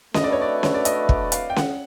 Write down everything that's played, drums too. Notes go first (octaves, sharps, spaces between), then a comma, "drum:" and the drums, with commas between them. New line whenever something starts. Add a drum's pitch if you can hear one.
A3 D4 F#4 B4 D#5 E5, drum: snare C#4
D5
C#5
D5
C#5, drum: snare C#4
D5
D#5, drum: hi-hat
drum: kick
F5, drum: hi-hat
G5
F#5, drum: snare C#4